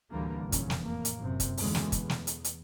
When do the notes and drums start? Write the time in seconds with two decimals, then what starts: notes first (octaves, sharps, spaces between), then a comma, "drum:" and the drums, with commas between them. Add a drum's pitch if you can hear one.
0.10 A1 D2 D3 E3 G3 A#3
0.43 F1 E2 A#2 C#4
0.52 drum: kick, hi-hat
0.70 drum: snare
0.83 A2 A#3
1.05 drum: hi-hat
1.18 F#1 F#2 C3
1.40 drum: kick, hi-hat
1.57 D#2 B2 D3 E3 G#3 C#4, drum: open hi-hat
1.75 drum: snare
1.92 E2, drum: kick, hi-hat
2.10 drum: snare
2.27 drum: hi-hat
2.44 drum: hi-hat